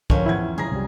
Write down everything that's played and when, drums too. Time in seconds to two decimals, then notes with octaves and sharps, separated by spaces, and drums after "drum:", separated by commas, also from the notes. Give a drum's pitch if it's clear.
0.10 F2 D3 C#4 A#4 C#5 F5, drum: kick
0.26 E2 E4 F#5 G#6
0.58 F#1 G#4 A#5 A#6
0.72 C2 G3